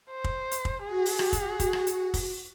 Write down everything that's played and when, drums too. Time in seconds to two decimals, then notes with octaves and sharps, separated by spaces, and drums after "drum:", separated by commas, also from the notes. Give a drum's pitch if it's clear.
0.11 C5
0.24 drum: kick
0.51 drum: hi-hat
0.65 drum: kick
0.84 F#4 G#4
1.06 drum: open hi-hat
1.19 drum: rim click
1.33 drum: kick, hi-hat
1.60 drum: kick, hi-hat
1.73 drum: rim click
1.87 drum: hi-hat
2.14 drum: kick, open hi-hat